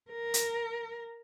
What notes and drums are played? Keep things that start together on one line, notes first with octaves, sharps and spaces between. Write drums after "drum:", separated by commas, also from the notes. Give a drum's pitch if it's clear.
A#4
drum: hi-hat